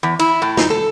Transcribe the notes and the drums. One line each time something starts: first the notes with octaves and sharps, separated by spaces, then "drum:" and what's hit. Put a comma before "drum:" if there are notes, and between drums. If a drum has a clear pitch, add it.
E2
E4, drum: cymbal
A2
D#4, drum: snare
A4